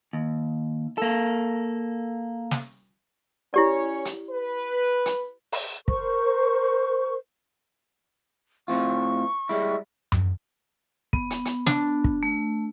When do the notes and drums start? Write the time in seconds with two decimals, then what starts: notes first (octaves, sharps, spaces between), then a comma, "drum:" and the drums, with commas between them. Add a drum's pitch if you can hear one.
0.13 D#2
0.98 A#3 A4
2.51 drum: snare
3.54 C#4 E4 G4 C#5 D5
4.05 drum: hi-hat
4.30 B4
5.06 drum: hi-hat
5.52 drum: open hi-hat
5.88 A#4 C5 C#6, drum: kick
8.68 A2 C4 F4 C#6
9.49 G3 G#3 E4
10.12 drum: tom F#2
11.13 B3, drum: kick
11.30 drum: hi-hat
11.45 drum: hi-hat
11.66 D4, drum: snare
12.04 drum: kick
12.23 A3